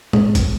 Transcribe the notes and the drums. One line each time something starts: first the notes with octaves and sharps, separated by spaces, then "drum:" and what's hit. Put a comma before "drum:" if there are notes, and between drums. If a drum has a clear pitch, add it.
G#3, drum: tom
drum: kick, hi-hat